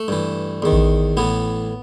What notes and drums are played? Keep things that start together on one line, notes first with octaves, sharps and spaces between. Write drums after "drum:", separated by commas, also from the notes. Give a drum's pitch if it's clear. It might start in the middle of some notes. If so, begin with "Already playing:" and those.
Already playing: A3
G2 E3
E2 D#3
drum: kick A1
A2 E3 B3